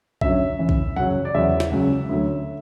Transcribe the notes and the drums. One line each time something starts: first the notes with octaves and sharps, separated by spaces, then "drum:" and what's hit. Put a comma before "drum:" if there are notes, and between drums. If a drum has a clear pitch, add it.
F#2 D3 F#3 E5, drum: kick B1
F#2 E3
drum: kick B1
F#2 C#3 F#3 F#5
D5
E2 C#3 F#3 E5
drum: snare
C#2 C#3 F#3
D2 D3 F#3